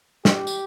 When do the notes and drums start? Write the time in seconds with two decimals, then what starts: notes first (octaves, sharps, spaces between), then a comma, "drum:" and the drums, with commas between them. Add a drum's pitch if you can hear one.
0.25 G4, drum: snare
0.47 drum: tambourine